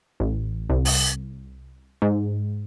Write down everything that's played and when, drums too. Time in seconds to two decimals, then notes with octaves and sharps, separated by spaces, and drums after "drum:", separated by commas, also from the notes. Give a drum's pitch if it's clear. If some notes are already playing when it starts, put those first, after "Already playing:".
0.20 A1
0.70 C2
0.85 drum: open hi-hat
2.02 G#2